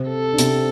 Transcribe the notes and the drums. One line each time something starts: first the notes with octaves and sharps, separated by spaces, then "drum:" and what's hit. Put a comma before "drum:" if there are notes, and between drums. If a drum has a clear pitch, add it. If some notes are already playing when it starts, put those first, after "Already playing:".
Already playing: C3 C4
A4
D4
C3 C4, drum: hi-hat